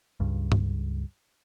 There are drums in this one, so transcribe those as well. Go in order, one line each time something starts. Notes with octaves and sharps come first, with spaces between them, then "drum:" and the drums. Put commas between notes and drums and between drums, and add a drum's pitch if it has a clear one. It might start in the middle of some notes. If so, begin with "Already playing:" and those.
C#2 G2
drum: tom G2